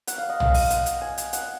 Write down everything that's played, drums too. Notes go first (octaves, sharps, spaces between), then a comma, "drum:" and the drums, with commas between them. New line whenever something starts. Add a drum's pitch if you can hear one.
F#5, drum: hi-hat
F5
D#5
F5, drum: tom
drum: open hi-hat
F#5, drum: hi-hat
drum: hi-hat
G#5
drum: hi-hat
F#5, drum: hi-hat